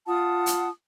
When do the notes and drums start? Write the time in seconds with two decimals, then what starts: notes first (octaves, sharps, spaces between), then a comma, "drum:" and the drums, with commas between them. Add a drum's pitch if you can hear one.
0.07 F4 F#5 A5 D#6
0.46 drum: hi-hat